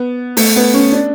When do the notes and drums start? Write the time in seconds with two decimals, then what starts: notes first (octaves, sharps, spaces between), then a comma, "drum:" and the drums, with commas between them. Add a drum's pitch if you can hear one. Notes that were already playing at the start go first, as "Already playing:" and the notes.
Already playing: B3
0.37 A3, drum: open hi-hat
0.56 B3
0.74 C#4
0.92 D4